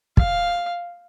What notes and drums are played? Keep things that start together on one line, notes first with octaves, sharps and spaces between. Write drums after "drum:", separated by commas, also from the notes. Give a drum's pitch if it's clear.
F5, drum: kick